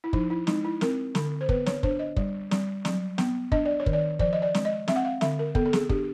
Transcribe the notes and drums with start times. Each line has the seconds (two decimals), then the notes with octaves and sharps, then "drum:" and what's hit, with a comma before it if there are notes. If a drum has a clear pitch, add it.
0.04 E4
0.13 F3 D#4, drum: kick
0.30 E4
0.47 G#3 D#4, drum: snare
0.65 E4
0.81 C4 A#4, drum: snare
1.15 D3, drum: snare
1.41 C5
1.49 B3 B4, drum: kick
1.66 C#5, drum: snare
1.83 D4 C5, drum: kick
1.99 D#5
2.16 G3, drum: kick
2.51 G3, drum: snare
2.85 F#3, drum: snare
3.18 B3, drum: snare
3.52 D4 D#5, drum: kick
3.65 D5
3.80 C#5
3.86 D#3, drum: kick
3.93 D5
4.19 F3 D5, drum: kick
4.33 D#5
4.42 D5
4.54 G#3, drum: snare
4.65 D#5
4.88 C4 E5, drum: snare
4.96 F#5
5.05 F5
5.21 D3 E5, drum: snare
5.39 A#4
5.55 B3 A4, drum: kick
5.66 A4
5.73 G#4, drum: snare
5.89 D4 G4, drum: kick